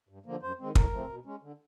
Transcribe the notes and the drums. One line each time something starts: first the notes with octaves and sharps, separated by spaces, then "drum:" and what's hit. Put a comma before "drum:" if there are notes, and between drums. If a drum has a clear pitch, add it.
G2
D3 F3 A#3
F#2 C5
D#3 G#3 C4
A2 A#4, drum: kick
F3 A3 C4
B2
G#3 C#4
D3